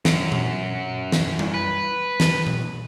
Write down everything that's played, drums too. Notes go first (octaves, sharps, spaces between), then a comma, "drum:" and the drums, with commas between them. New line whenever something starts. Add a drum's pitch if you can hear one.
F#2, drum: snare
drum: tom A#2
drum: snare
drum: tom G3
B4
drum: snare
drum: tom A#2